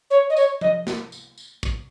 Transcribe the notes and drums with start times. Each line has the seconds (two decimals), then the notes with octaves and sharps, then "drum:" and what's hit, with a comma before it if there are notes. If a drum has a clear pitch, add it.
0.10 C#5
0.29 D#5
0.37 C#5, drum: tambourine
0.61 D#5, drum: tom F3
0.87 drum: snare
1.12 drum: tambourine
1.38 drum: tambourine
1.63 drum: kick, tambourine